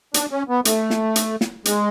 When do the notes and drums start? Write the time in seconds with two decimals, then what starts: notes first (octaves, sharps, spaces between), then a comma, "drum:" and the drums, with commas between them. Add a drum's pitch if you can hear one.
0.14 D4, drum: hi-hat
0.31 C#4
0.49 B3
0.65 A3, drum: hi-hat
0.90 drum: snare
1.16 drum: hi-hat
1.41 drum: snare
1.65 G#3, drum: hi-hat